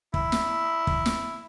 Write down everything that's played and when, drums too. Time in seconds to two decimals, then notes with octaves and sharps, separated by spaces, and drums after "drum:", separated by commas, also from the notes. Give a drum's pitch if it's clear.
0.14 E4, drum: kick
0.32 drum: snare
0.87 drum: kick
1.06 drum: snare